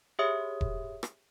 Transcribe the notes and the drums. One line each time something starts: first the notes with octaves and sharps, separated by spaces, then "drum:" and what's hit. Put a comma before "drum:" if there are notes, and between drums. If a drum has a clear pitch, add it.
G4 G#4 C#5 E5 D#6
drum: kick E1
drum: rim click